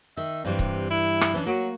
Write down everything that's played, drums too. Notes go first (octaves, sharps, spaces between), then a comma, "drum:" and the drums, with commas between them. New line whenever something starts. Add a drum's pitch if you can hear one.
D#3 E5
G2 C3 E3 G3
drum: kick C#1
E4
drum: rim click
E3 C#4 D4
F#3 A#3 F#4